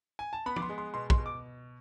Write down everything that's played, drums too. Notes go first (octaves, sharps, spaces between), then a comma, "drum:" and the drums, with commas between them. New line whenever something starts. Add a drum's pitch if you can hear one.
G#5
A5
B3 B5
D6, drum: tom
C6
G#3
C6
B2 C6
C6, drum: kick
B2
D6